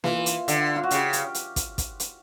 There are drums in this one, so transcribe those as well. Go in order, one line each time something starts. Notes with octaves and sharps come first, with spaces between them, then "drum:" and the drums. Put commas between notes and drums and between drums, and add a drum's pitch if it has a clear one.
E3 F4, drum: snare A#3
drum: hi-hat
D3, drum: hi-hat
F4
F#4
C#3 G4, drum: hi-hat
drum: hi-hat
drum: hi-hat
drum: kick, hi-hat
drum: kick, hi-hat
drum: hi-hat